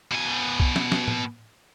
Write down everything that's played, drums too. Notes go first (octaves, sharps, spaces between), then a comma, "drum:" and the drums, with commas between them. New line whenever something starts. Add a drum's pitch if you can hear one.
B2 G#5
drum: kick
drum: snare
drum: snare
drum: tom A2